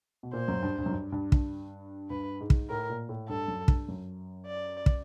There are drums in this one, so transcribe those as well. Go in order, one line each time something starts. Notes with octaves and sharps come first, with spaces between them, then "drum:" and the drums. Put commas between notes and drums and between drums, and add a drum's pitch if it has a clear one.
B2
A#2 C5
F#2
G2
G2
F#2
G2
G2
G2, drum: kick
G2 B4
G#2
drum: kick
A2 A#4
A#2
A2
G2 A4
F#2
G2, drum: kick
F#2
D5
drum: kick